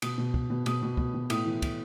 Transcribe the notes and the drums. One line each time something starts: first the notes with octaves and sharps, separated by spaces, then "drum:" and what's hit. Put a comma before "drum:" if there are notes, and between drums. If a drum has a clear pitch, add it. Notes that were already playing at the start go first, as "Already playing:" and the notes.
B2 D#6, drum: cymbal
B2
B2, drum: kick
B2
B2 D#6, drum: cymbal
B2
B2, drum: kick
B2
A2 D#6, drum: cymbal
E3
E3, drum: kick, cymbal